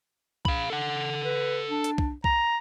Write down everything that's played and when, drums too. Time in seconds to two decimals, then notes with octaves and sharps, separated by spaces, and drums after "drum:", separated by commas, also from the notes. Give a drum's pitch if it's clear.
0.45 F5 B5, drum: kick
0.70 A4 F#5
1.23 B4
1.69 D4
1.84 drum: hi-hat
1.98 drum: kick
2.24 A#5, drum: kick